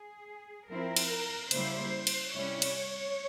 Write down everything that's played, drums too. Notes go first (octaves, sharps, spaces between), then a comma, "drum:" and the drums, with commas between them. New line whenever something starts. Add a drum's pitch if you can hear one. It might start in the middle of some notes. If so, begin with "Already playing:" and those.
Already playing: G#4
F3 C4 E4 A#4
drum: cymbal
C#3 G3 A#3 E4 C5, drum: cymbal
drum: cymbal
C3 G3 C#4 E4 C#5
drum: cymbal